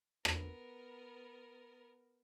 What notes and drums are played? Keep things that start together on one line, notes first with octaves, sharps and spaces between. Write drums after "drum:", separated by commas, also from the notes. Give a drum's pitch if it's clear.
B3 A#4, drum: rim click